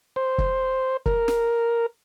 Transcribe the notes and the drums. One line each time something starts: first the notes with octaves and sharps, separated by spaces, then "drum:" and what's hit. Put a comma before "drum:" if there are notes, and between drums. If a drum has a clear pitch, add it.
C5
drum: kick
A#4, drum: kick
drum: snare